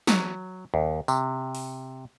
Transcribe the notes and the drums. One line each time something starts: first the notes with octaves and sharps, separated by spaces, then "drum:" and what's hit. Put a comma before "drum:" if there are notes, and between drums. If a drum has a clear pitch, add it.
F#3, drum: snare
D#2
C3, drum: tambourine
drum: open hi-hat